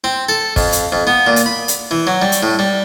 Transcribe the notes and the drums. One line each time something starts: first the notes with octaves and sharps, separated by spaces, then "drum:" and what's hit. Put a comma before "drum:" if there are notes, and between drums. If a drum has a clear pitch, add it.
C4
A4
F2, drum: kick, open hi-hat
drum: hi-hat
F2
B3
A#2
drum: hi-hat
B5
drum: hi-hat
E3
F#3
G3
drum: hi-hat
A2
G3